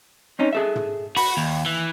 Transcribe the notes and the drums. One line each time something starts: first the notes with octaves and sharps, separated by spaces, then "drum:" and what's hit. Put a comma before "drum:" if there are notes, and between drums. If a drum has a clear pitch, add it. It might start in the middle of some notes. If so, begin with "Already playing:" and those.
C4 C#4 D#4
G#4 A4 E5
drum: tom
F#4 B5, drum: open hi-hat
D#2
E3